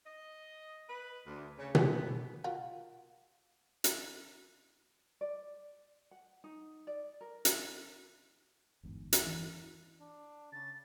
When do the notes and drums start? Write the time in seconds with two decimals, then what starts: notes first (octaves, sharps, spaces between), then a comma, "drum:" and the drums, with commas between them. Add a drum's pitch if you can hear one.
0.06 D#5
0.89 B4
1.26 D2
1.58 C#3
1.75 B3, drum: tom B2
2.44 F4 F#4 A#4
3.84 drum: hi-hat
5.21 D5
6.11 F#5
6.44 D#4
6.87 D5
7.21 A#4
7.45 drum: hi-hat
8.83 G1 E2 G#2
9.13 drum: hi-hat
9.27 E3
10.00 D4
10.53 C#3 A6